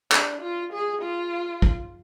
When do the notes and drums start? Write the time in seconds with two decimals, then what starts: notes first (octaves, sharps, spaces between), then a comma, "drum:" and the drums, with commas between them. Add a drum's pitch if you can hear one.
0.12 D4, drum: clap
0.42 F4
0.73 G#4
1.02 F4
1.62 drum: kick